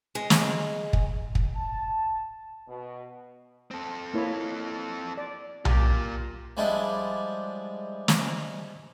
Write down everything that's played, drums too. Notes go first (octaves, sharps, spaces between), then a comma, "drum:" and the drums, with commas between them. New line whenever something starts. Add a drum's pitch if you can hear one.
G#3
drum: snare
drum: kick
drum: kick
A5
B2
C4 A4
A#3 E4 C#5
D5
A#3 F4 G4 G#5, drum: tom B1
F3 G3 G#3 D4 E4
drum: snare